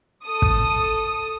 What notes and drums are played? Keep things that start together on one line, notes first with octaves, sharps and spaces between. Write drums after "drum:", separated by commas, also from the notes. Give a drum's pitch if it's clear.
A4 D#6
drum: kick